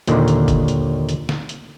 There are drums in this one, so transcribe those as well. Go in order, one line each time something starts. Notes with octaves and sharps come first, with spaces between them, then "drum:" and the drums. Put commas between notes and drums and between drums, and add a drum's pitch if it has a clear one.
D#2 A#2 D3 D#3, drum: hi-hat
drum: hi-hat
drum: kick G1, hi-hat
drum: hi-hat
drum: hi-hat
drum: snare
drum: hi-hat